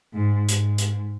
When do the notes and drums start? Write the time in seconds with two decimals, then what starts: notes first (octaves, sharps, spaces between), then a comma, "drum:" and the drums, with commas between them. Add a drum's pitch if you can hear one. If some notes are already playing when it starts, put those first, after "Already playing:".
0.13 G#2
0.49 G#2, drum: hi-hat
0.78 drum: hi-hat